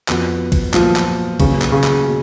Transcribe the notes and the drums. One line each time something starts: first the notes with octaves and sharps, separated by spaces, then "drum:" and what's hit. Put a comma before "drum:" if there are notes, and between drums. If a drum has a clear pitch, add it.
F2 F3 B3 F#4, drum: clap
drum: kick, cymbal
A#2 F3 F#3 B3, drum: clap
drum: clap
A#2 C#3 F#3 C#4 G#4 B4, drum: kick, cymbal
drum: clap
C#3
drum: clap
B2